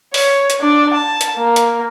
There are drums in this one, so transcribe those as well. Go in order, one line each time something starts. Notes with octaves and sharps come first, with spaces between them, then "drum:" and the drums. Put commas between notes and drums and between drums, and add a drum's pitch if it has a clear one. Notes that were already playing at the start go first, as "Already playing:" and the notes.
C#5, drum: open hi-hat
drum: hi-hat
D4 D5
A5
drum: hi-hat
A#3
drum: hi-hat